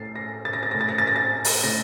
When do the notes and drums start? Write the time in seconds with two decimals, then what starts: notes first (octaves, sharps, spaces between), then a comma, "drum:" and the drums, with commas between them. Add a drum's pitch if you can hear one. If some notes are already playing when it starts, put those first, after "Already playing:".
Already playing: A2 A6 C7
0.16 A#6
0.45 A6
0.53 A#6
0.63 A6
0.71 A2 A#6
0.81 A6
0.89 A#6
0.98 A6
1.07 A#6
1.16 A6
1.45 drum: open hi-hat
1.63 A2 A#6